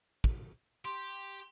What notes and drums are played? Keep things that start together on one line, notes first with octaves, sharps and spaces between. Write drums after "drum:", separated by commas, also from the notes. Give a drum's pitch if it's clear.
drum: kick
G4 C6